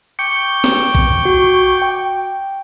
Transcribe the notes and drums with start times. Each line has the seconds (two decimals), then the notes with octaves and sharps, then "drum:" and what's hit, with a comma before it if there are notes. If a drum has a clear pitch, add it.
0.19 G5 C#6 D6 C#7
0.64 drum: snare
0.95 drum: kick A#1
1.25 F#4
1.82 G5